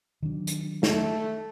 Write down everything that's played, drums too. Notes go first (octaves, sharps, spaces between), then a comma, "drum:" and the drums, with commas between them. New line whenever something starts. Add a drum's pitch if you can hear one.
D#3 F#3 D4
drum: hi-hat
A3, drum: snare